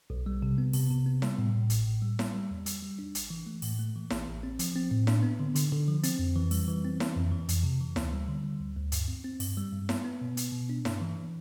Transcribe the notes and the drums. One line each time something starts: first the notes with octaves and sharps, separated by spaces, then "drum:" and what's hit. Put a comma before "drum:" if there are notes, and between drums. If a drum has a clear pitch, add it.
B1
G3
C3
B3
C3, drum: open hi-hat
C3
B3
G3, drum: snare E4
A2
A2
A1, drum: hi-hat
A2
G3
G3, drum: snare E4
G3
E2
G3, drum: hi-hat
G3
D4
A1, drum: hi-hat
E3
A3
A2, drum: open hi-hat
A3
E3
A1, drum: snare E4
A1
C4
F3, drum: hi-hat
C4
A2
D4, drum: snare E4
B3
D3
D3, drum: hi-hat
D3
F3
C4, drum: hi-hat
F2
E3
G3, drum: open hi-hat
E3
C4
E3, drum: snare E4
F2
E3
F2, drum: hi-hat
C3
E3
D2, drum: snare E4
G3
D3
G3
D2
D2
G2, drum: hi-hat
C4
C4
G2, drum: open hi-hat
G3
G2
B3, drum: snare E4
B3
B2
B3, drum: hi-hat
B2
D4
G2, drum: snare E4
E3